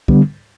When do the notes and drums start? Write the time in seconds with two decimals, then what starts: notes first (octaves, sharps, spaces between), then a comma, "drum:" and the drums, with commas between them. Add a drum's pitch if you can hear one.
0.08 D3 G3 B3, drum: kick